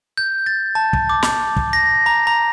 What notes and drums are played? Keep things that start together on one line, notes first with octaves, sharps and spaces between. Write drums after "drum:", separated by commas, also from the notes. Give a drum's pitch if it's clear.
G6
A6
A5
drum: kick
D6
drum: snare
drum: kick
A#6
A#5
A#5